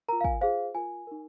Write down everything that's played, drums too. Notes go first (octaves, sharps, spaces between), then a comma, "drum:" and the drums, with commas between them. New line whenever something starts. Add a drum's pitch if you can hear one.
F4 A#4 A#5
F5
G#5, drum: kick
F4 G#4 C5 F5
F4 A#4 G#5
D#4 A#4